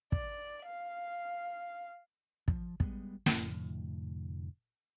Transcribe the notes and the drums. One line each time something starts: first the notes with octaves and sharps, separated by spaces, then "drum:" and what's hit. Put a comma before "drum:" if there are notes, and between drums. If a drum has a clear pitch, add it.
D5, drum: kick
F5
F3, drum: kick
G3 G#3 B3, drum: kick
F1 F2 A2 D3, drum: snare